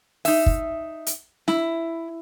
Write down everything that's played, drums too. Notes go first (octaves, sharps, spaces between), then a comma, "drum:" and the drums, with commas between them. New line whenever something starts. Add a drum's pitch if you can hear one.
D#4 E5, drum: open hi-hat
drum: kick
drum: hi-hat
E4, drum: snare